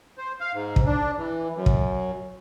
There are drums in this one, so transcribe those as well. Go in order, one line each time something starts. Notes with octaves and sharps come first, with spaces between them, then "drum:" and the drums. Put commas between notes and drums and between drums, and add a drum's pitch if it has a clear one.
C5
F5
G#2
drum: kick
D4
E3
F#2
drum: kick